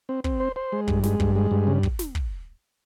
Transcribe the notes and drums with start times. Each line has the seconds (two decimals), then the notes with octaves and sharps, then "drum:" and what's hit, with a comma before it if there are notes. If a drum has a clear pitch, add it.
0.09 C4
0.24 C4, drum: kick
0.40 C5
0.56 C5
0.72 G#3
0.88 G2, drum: kick
1.03 G#3, drum: snare
1.20 G2, drum: kick
1.36 G#3
1.51 G2
1.67 C#3
1.83 drum: kick
1.99 drum: snare
2.15 drum: kick